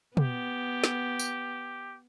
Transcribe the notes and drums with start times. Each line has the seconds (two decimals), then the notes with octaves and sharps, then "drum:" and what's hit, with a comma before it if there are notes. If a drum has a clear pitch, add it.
0.17 B3 G4, drum: tom
0.84 drum: snare
1.19 drum: tambourine